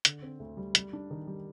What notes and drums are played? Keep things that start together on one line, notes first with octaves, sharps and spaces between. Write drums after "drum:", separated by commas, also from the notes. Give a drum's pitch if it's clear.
D3, drum: hi-hat
C4
D2
G3
G3, drum: hi-hat
D4
D#3
G3